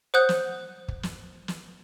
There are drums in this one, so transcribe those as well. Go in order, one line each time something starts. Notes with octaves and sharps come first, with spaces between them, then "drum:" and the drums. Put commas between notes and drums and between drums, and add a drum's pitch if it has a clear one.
C5 C#5 F#5 D#6 F#6 G6
drum: snare
drum: kick
drum: snare
drum: snare